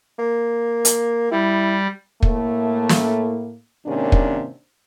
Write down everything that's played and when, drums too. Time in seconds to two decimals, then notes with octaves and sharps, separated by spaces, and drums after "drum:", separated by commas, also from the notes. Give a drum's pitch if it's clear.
0.19 A#3
0.85 drum: hi-hat
1.31 G3 E4
2.23 A2 A3 A#3, drum: kick
2.89 drum: snare
3.87 G#2 C3 D#3 A#3 C#4 D4
4.12 drum: kick